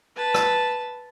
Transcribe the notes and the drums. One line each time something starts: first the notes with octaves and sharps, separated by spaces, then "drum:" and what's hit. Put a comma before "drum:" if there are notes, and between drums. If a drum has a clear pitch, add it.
B4 A5
drum: rim click